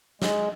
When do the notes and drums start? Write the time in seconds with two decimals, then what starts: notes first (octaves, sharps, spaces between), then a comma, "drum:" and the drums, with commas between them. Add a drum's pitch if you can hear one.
0.22 G#3, drum: snare